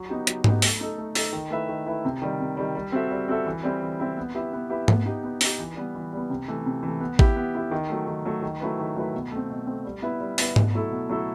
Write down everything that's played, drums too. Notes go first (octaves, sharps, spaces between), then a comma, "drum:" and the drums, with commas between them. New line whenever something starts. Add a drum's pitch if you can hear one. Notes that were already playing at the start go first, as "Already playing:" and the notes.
Already playing: F#3
B3 D#4 G4
F#3, drum: hi-hat
B3 D#4 G4, drum: tom G#2
A3, drum: open hi-hat
D#4 A4
A3
D#4 A4, drum: open hi-hat
D#3
A3 E4 B4 E5
D#3
A3 E4 B4 E5
C3
D#3 G3
C3
D#3 G3
G3
C4 F#4 A4 E5
G3
C4 F#4 A4 E5
E3
G3 C4 E4
E3
G3 C4 E4
B3
E4 G4 B4 E5
B3
E4 G4 B4 E5
B3, drum: tom G#2
D#4 G4
B3
D#4, drum: open hi-hat
G4
E3
G3 B3
E3
G3 B3
C3
E3 A3
C3
E3 A3
B3
E4 G4, drum: kick A1
B3
E4 G4
D#3
F#3 A3
D#3
F#3 A3
D#3
F#3 A3 E4 B4
D#3
F#3 A3 E4 B4
B2
A3 C4
B2
A3 C4
G3
B3 E4 B4 E5
G3
B3 E4 B4 E5, drum: open hi-hat
B2, drum: tom G#2
F#3 A3 E4 A4
B2
F#3 A3 E4 A4